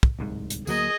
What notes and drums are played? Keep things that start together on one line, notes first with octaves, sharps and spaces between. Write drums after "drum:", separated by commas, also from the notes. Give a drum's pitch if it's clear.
drum: kick
D1 C2 G#2
drum: hi-hat
D2 F#3 A#3 G#4 D#5, drum: tambourine